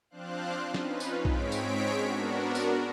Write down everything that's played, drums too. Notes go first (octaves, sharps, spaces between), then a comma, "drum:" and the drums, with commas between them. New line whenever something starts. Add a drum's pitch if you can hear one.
F3 C4 D4 C5 F5 F#6
C#4 D#4 F4 B4, drum: snare
drum: tambourine
G#2 G#3 C4 C#5 B6 D7, drum: kick B1
drum: tambourine
B3 D4 F#4 A#4
drum: tambourine